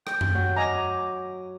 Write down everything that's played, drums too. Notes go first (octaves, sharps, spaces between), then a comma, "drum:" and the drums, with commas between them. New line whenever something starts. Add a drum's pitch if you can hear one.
G5, drum: rim click
drum: tom F#2
F#3
D#5 G#5 A#5 D6